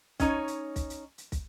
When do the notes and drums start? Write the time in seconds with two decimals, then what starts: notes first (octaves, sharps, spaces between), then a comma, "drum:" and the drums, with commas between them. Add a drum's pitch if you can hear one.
0.20 C#4 D#4 C#5, drum: kick, hi-hat
0.48 drum: hi-hat
0.76 drum: kick, hi-hat
0.90 drum: hi-hat
1.18 drum: hi-hat
1.32 drum: kick, hi-hat